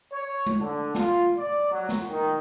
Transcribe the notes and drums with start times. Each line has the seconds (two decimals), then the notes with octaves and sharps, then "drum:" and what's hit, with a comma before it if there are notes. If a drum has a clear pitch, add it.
0.13 C#5
0.47 drum: tom G#3
0.60 D3
0.95 F4, drum: snare
1.37 D5
1.71 F#3
1.89 drum: snare
2.08 D#3